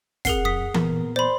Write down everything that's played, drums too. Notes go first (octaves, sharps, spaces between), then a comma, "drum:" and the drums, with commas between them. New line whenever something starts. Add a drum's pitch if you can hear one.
C4 G#4 A#4 F#5 C7, drum: kick, hi-hat
F2 D#6 B6
A#2 B3 A#4, drum: tom E3
C5 D5 B5 C6